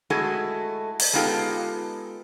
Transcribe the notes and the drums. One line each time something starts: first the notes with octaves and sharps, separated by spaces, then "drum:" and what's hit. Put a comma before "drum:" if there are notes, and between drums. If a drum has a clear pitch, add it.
G#3 A3 E4 F#4 G#4 A4
drum: open hi-hat
G#3 B3 D#4 F4 G4 A4